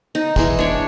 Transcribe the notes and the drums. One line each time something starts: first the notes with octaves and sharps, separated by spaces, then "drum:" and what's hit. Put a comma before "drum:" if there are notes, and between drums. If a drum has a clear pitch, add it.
D#4
E3 G#3, drum: kick, tambourine
D4 C#5